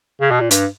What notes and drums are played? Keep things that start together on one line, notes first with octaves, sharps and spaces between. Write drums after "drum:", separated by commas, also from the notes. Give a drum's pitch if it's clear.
C#3
B2
A#2
G2, drum: hi-hat